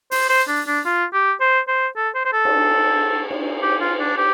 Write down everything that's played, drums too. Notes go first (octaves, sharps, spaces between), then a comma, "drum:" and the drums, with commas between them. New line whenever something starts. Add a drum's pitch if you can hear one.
C5, drum: open hi-hat
C5
D4
D4
F4
G4
C5
C5
A4
C5
C5
A4
drum: cymbal
drum: cymbal
G4
F4
D4
G4